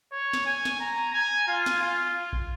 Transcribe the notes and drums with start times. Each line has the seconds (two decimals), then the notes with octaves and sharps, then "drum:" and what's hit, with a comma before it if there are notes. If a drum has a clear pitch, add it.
0.12 C#5
0.33 drum: snare
0.46 G#5
0.65 drum: snare
0.80 A#5
1.14 G#5
1.47 F4
1.66 drum: snare
1.82 F4
2.33 drum: kick A#1